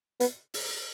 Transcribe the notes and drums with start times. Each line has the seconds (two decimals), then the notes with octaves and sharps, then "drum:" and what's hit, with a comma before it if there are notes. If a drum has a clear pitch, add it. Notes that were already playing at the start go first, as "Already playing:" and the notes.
0.20 B3, drum: hi-hat
0.54 drum: open hi-hat